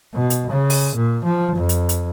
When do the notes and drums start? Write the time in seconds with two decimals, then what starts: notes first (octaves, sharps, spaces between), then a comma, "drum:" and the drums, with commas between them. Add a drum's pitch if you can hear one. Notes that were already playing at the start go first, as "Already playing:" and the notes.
0.14 B2
0.30 drum: hi-hat
0.50 C#3
0.70 drum: open hi-hat
0.95 A#2
1.24 F3
1.56 F2
1.69 drum: hi-hat
1.89 drum: hi-hat